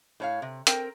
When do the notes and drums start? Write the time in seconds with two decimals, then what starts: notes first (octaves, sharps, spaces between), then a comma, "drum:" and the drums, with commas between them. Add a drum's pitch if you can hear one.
0.20 A2 C#5 F5
0.42 C3
0.67 C4 A#4 G5, drum: hi-hat